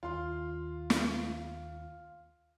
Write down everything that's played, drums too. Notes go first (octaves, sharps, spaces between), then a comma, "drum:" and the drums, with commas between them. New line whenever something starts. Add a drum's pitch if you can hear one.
D#2 F4 C6
drum: snare